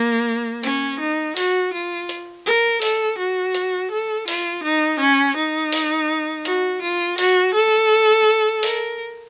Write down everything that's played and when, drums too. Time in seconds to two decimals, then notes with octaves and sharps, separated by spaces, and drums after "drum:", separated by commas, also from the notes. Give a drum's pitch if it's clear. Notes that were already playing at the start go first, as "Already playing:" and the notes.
Already playing: A#3
0.63 C#4, drum: hi-hat
1.00 D#4
1.37 F#4, drum: open hi-hat
1.73 F4
2.09 drum: hi-hat
2.46 A#4
2.82 A4, drum: open hi-hat
3.18 F#4
3.55 drum: hi-hat
3.91 A4
4.28 F4, drum: open hi-hat
4.64 D#4
5.00 C#4
5.36 D#4
5.73 drum: open hi-hat
6.45 F#4, drum: hi-hat
6.82 F4
7.18 F#4, drum: open hi-hat
7.54 A4
8.63 A#4, drum: open hi-hat